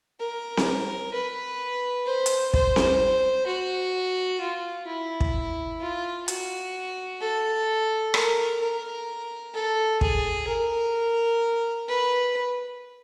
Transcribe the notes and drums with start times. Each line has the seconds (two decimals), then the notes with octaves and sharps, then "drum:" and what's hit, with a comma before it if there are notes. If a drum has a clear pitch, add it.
0.20 A#4
0.57 drum: snare C4
1.13 B4
2.06 C5
2.26 drum: hi-hat
2.54 C5, drum: kick
2.76 drum: snare C4
3.47 F#4
4.41 F4
4.87 E4
5.21 drum: kick
5.80 F4
6.28 F#4, drum: hi-hat
7.21 A4
8.14 A#4, drum: rim click
8.61 A#4
9.54 A4
10.01 G#4, drum: kick
10.48 A#4
11.88 B4